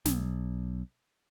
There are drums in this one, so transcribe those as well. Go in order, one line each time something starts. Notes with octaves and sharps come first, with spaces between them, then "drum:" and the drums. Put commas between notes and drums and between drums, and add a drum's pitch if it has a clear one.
B1, drum: snare